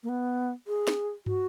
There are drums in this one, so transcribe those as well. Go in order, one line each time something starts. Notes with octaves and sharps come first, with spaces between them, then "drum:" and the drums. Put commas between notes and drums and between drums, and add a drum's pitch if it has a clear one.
A#3
B3
G#4
drum: snare
F#4, drum: tom